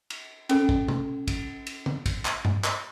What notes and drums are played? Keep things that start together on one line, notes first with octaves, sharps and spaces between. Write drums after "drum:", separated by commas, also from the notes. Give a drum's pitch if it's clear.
drum: cymbal
C#4 A4, drum: cymbal
drum: kick
drum: tom B2
drum: kick, cymbal
drum: cymbal
drum: tom
drum: kick, cymbal
drum: clap
drum: tom G2
drum: clap